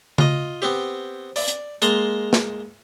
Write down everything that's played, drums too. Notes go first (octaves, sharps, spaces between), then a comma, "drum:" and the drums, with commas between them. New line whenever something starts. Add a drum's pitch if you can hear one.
F4 D#5, drum: tom C#3
B3 C4 G4
D5, drum: open hi-hat
drum: hi-hat
G#3 A#3 A5 A#5 C6, drum: hi-hat
drum: snare